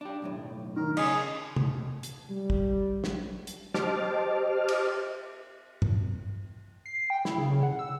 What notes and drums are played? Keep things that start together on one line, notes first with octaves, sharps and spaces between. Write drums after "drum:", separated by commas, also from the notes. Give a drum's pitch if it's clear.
D4 G4
B1 F#2 A2
D#3 A#4
C#3 G#4 D#5, drum: cymbal
drum: tom
drum: hi-hat
G3
drum: kick
drum: snare
drum: hi-hat
G4 C5 D#5 A5 D6 F6, drum: snare
drum: cymbal
drum: tom
C7
G5
E4, drum: snare
C#3
C#3
F#5
E6